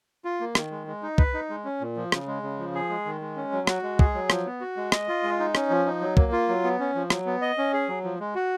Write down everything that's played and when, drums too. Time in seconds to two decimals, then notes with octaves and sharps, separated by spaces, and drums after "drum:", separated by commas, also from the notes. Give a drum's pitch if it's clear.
0.25 F4
0.41 A#3
0.55 D#3, drum: rim click
0.71 G#3
0.87 G#3
1.03 D#4
1.18 B4, drum: kick
1.34 D#4
1.50 G#3
1.65 C#4
1.81 A#2
1.97 F3
2.12 C#3, drum: rim click
2.27 G#3
2.43 C#3
2.59 F3
2.75 G#4
2.90 G#3
3.06 D#3
3.21 G#3
3.37 C#4
3.52 F#3
3.67 F#4, drum: rim click
3.83 G#3
3.99 G#4, drum: kick
4.14 F#3
4.30 F3, drum: rim click
4.46 B3
4.61 F#4
4.77 G#3
4.92 D#5, drum: rim click
5.08 F4
5.23 G#3
5.40 D#4
5.55 C#4, drum: rim click
5.70 F3
5.86 D#4
6.01 F#3
6.17 A#3, drum: kick
6.32 F4
6.48 F#3
6.64 B3
6.80 C#4
6.95 F3
7.10 F#3, drum: rim click
7.26 B3
7.41 D#5
7.58 C#4
7.73 G#4
7.89 F#3
8.04 F3
8.20 G#3
8.35 F#4